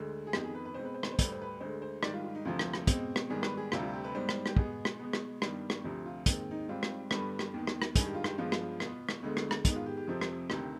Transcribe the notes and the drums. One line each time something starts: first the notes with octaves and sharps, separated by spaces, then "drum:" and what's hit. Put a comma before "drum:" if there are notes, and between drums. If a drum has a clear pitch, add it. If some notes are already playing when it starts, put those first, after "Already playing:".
Already playing: D2 D3 G#3
G#4
F2 D#3 B3 G4, drum: rim click
G#4
B4
B4
B2 G#3 C4 C5
B4
C5
B4, drum: rim click
C5
D2 D3 G3 B4, drum: kick, hi-hat
C5
B4
D2 D3 G#3 C5
C5
G#2 D#3 G3 D5, drum: rim click
F4
F4
D#4
D2 C3 F3 F4
drum: rim click
drum: rim click
B2 G#3 C4, drum: kick, hi-hat
drum: rim click
G#2 D#3 G3 B3 G#4
B4, drum: rim click
G#4
D2 C3 G3 C4 F4, drum: rim click
F4
G4
B4
G#2 G3 B3 C5
drum: rim click
G4, drum: rim click
B2 G#3 B3 G#4, drum: kick
drum: rim click
B2 G#3 B3
drum: rim click
G2 D#3 G3 B3, drum: rim click
drum: rim click
D2 C3 F3 G4
F4
D#2 D#3 G#3 C4 D#4, drum: kick, hi-hat
D#4
G#2 G3 C4 F4
drum: rim click
G2 D3 G3 B3 B4, drum: rim click
drum: rim click
D#2 D#3 B3
drum: rim click
drum: rim click
G2 D#3 G#3 G#4, drum: kick, hi-hat
G4
F4
G4, drum: rim click
G2 F3 G#3 B3 F4
drum: rim click
B2 B3, drum: rim click
drum: rim click
D2 D3 G#3 B3
drum: rim click
drum: rim click
G#2 D#3 G#3 B3 D#4, drum: kick, hi-hat
F4
G4
G4
F2 C3 F3 C4
drum: rim click
D2 C3 D#3 G4, drum: rim click